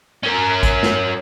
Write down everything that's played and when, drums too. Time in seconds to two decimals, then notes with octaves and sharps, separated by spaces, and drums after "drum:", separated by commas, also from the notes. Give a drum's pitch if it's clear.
0.23 C#4 A#4
0.63 drum: kick A1, hi-hat
0.83 drum: snare